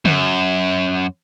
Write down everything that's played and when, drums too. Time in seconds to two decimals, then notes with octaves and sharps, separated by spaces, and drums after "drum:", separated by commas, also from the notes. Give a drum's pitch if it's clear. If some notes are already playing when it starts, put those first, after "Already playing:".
0.05 F#2, drum: tom